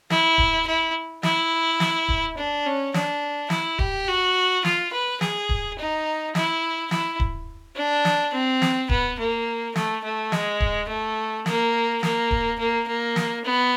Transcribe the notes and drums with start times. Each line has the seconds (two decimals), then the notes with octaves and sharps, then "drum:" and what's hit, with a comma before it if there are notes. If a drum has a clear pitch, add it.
0.10 E4, drum: snare
0.38 drum: kick D1
0.67 E4
1.23 E4, drum: snare
1.80 drum: snare
2.08 drum: kick D1
2.37 D4
2.66 C#4
2.94 D4, drum: snare
3.50 E4, drum: snare
3.79 G4, drum: kick D1
4.08 F#4
4.64 F4, drum: snare
4.92 B4
5.21 G#4, drum: snare
5.49 drum: kick D1
5.78 D#4
6.35 E4, drum: snare
6.91 E4, drum: snare
7.20 drum: kick D1
7.76 D4
8.05 drum: snare
8.33 C4
8.62 drum: snare
8.89 B3, drum: kick D1
9.19 A#3
9.76 A3, drum: snare
10.04 A3
10.32 G#3, drum: snare
10.60 drum: kick D1
10.88 A3
11.46 A#3, drum: snare
12.03 A#3, drum: snare
12.31 drum: kick D1
12.59 A#3
12.87 A#3
13.16 drum: snare
13.45 B3